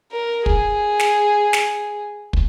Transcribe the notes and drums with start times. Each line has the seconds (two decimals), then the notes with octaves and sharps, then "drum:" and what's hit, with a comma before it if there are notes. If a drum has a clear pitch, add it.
0.12 A#4
0.46 G#4, drum: kick
0.99 drum: snare
1.53 drum: snare
2.33 drum: kick